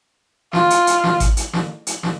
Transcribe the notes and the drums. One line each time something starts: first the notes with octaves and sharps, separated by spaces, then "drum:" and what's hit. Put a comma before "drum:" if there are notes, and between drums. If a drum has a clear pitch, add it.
F4, drum: snare
drum: hi-hat
drum: hi-hat
drum: snare
drum: kick G#1, hi-hat
drum: hi-hat
drum: snare
drum: hi-hat
drum: snare